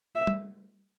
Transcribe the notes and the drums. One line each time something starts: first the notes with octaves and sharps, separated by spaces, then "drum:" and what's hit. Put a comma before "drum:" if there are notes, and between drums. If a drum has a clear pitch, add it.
E5
drum: tom